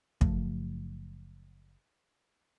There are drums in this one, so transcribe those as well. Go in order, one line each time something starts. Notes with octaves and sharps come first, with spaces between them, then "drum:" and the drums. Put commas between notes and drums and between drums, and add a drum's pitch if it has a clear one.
F#1 F3 A3, drum: kick